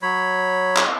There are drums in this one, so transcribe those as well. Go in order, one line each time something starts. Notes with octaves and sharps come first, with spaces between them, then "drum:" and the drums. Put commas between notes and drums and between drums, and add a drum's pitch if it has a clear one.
F#3 C#5 B5
drum: clap